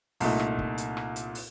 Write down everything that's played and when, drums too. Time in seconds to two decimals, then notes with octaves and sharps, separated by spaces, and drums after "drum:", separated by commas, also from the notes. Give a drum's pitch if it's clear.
0.20 C2 A#2 A3 D#4, drum: open hi-hat
0.39 drum: rim click
0.59 drum: kick
0.78 drum: hi-hat
0.97 drum: rim click
1.16 drum: hi-hat
1.35 drum: open hi-hat